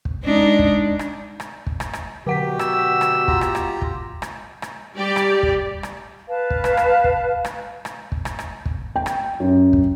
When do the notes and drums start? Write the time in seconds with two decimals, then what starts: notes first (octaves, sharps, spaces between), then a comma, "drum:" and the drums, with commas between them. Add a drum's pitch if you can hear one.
0.05 drum: kick
0.24 G#3 D4 D#4
0.59 drum: kick
0.99 drum: rim click
1.40 drum: rim click
1.67 drum: kick
1.80 drum: rim click
1.93 drum: rim click
2.27 B2 D3 F#4 G4 F#5 B6
2.59 E6, drum: rim click
3.01 drum: rim click
3.28 F4 G4 A#5, drum: kick
3.41 drum: rim click
3.55 drum: rim click
3.82 drum: kick
4.22 drum: rim click
4.62 drum: rim click
4.96 G3 G4 D5
5.16 drum: rim click
5.43 drum: kick
5.83 drum: rim click
6.28 B4 F5 A5
6.50 drum: kick
6.64 drum: rim click
6.77 drum: rim click
7.04 drum: kick
7.45 drum: rim click
7.85 drum: rim click
8.12 drum: kick
8.25 drum: rim click
8.39 drum: rim click
8.66 drum: kick
8.96 G5
9.06 drum: rim click
9.40 F#2
9.73 drum: kick